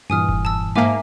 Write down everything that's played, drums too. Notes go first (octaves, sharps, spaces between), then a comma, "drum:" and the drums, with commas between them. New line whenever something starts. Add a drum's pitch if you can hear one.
G2 A#2 E3 G#5 D#6 F6
drum: kick F1
A5 E6
G#2 A#3 E5 G#5 D6